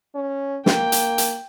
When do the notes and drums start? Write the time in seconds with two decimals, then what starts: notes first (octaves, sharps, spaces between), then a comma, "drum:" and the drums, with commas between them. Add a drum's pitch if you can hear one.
0.15 C#4
0.66 A#3 G5, drum: snare
0.92 drum: hi-hat
1.18 drum: hi-hat